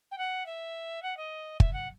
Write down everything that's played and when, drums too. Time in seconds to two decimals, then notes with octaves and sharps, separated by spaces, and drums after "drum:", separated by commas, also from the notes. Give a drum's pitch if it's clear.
0.11 G5
0.18 F#5
0.46 E5
1.02 F#5
1.17 D#5
1.60 E5, drum: kick
1.73 F#5